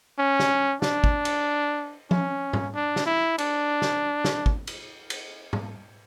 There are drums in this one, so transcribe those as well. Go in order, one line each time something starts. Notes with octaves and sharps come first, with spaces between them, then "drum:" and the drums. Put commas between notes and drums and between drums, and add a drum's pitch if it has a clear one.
C#4
drum: snare
D4, drum: snare
drum: kick
drum: cymbal
C#4, drum: tom F3
drum: tom G#2
D4
drum: snare
E4
D4, drum: cymbal
drum: snare
drum: snare
drum: kick
drum: cymbal
drum: cymbal
drum: tom G#2